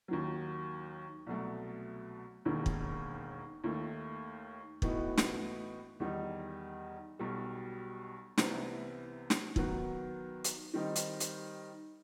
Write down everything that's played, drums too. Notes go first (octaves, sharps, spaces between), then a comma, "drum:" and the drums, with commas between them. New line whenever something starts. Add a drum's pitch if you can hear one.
D#2 D#3 F#3
C2 B2 F#3 A3
E1 D#2 D#3
drum: kick
D#2 D#3 A3
A2 E3 B3 D#4 F#4, drum: kick
drum: snare
E2 D#3 G3 D#4
B1 B2 G3
C2 C3 E3 B3 E4, drum: snare
drum: snare
D#3 F#3 B3 F#4, drum: kick
drum: hi-hat
D#3 G3 C4 D#4
drum: hi-hat
drum: hi-hat